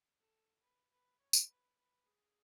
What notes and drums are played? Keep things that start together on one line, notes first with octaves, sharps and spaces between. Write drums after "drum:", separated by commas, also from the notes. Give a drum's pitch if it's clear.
A4
B4
B4
C#5
drum: tambourine
B4
B4
G#4